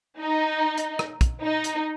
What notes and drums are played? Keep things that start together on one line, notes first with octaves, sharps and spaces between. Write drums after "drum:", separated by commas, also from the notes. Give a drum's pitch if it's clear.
D#4
drum: hi-hat
drum: rim click
drum: kick, hi-hat
D#4
drum: hi-hat